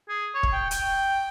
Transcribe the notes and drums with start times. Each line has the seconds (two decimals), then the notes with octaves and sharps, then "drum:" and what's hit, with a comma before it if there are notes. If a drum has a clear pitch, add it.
0.09 G#4
0.34 C#5
0.43 drum: kick
0.53 G5
0.71 G5, drum: hi-hat